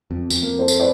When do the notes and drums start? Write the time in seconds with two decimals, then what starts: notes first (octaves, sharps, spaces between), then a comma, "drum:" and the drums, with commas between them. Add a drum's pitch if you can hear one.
0.11 F2
0.30 F2, drum: tambourine
0.43 A#3
0.59 A4 C5
0.68 drum: tambourine
0.80 B4 C5 D5